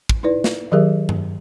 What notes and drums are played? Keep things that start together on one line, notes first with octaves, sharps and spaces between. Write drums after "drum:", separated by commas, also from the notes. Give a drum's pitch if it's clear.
drum: kick
D#4 E4 B4 D5
drum: snare
D#3 F#3 G4 G#4 A#4 E5
drum: tom G2